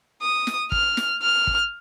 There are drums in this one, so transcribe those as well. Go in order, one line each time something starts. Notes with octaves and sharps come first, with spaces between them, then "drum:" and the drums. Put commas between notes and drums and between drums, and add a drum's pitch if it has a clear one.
D#6
drum: snare
F6, drum: kick
drum: snare
F6
drum: kick